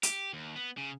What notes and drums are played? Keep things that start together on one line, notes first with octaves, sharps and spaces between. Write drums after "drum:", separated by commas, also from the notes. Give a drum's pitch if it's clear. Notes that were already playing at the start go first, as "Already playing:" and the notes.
G4, drum: hi-hat
D#2
B3
C#3